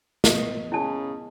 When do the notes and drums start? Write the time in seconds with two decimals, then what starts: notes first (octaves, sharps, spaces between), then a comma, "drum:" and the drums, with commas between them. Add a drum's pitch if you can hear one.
0.24 B3 G#4 A#4 D#5, drum: snare
0.72 C#3 E4 G#5 A5